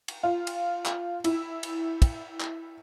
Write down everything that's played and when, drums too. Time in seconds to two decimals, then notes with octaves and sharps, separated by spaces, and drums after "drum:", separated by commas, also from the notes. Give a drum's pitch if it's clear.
0.08 drum: cymbal
0.23 F4
0.47 drum: cymbal
0.86 drum: clap
1.24 E4, drum: cymbal
1.63 drum: cymbal
2.02 drum: kick, cymbal
2.40 drum: clap